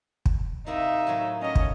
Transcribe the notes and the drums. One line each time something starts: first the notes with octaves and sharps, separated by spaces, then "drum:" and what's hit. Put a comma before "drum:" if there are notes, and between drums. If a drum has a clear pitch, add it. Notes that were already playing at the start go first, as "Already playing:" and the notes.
drum: kick
C3 A#3 D#4 E4 E5
A2 D#3 F#3
A3 C#4 D#5 F5
drum: kick